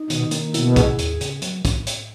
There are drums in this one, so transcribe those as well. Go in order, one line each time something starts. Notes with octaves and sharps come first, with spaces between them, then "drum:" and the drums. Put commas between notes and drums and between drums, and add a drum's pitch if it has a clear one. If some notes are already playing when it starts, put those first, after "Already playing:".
Already playing: D#4
B2 D#3, drum: hi-hat
A#3, drum: hi-hat
B2 E4, drum: hi-hat
G#4, drum: kick, hi-hat
D#2, drum: hi-hat
C#3, drum: hi-hat
F#3, drum: hi-hat
drum: kick, hi-hat
drum: hi-hat